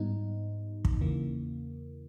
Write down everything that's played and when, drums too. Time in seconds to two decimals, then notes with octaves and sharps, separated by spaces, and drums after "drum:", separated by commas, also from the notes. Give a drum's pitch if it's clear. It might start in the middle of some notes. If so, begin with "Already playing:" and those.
Already playing: G#2 G3 B3 D#4
0.85 drum: kick
1.01 E2 C#3 E3 A#3